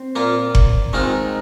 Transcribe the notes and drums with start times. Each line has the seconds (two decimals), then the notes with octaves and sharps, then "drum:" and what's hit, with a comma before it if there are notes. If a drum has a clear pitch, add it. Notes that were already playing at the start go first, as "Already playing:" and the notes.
Already playing: C4
0.15 A#2 A#3 F4
0.55 drum: kick F#1
0.93 D#3 G#3 C4 D#4 F4